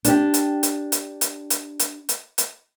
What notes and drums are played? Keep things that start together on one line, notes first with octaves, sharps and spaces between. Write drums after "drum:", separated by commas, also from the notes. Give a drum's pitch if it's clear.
D4 G4, drum: hi-hat
drum: hi-hat
drum: hi-hat
drum: hi-hat
drum: hi-hat
drum: hi-hat
drum: hi-hat
drum: hi-hat
drum: hi-hat